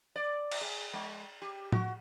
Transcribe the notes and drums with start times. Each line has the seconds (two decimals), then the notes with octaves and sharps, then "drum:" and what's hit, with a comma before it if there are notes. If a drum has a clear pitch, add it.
0.16 D5
0.52 drum: cymbal
0.61 G#4
0.93 G#3
1.42 G4
1.72 F#4, drum: tom A2